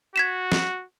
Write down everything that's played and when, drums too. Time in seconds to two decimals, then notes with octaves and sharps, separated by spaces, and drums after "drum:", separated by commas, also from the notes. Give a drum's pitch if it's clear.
0.16 F#4 G#6 B6 E7
0.52 drum: snare